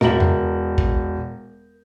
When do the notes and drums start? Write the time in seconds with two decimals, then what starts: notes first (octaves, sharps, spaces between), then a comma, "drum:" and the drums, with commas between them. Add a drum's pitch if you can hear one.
0.01 E1 A#4 E5 F#7, drum: rim click
0.20 drum: tom F2
0.78 drum: kick